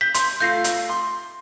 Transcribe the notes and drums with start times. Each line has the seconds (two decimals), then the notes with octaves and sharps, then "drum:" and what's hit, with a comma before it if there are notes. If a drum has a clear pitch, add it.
0.01 G6 B6
0.14 C6, drum: hi-hat
0.40 A3 F4 G6 A#6 C7
0.64 drum: hi-hat
0.90 C6